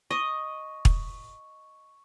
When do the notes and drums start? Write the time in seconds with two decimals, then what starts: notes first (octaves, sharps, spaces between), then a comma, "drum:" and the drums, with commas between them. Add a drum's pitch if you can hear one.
0.11 D#5 C#6
0.85 drum: kick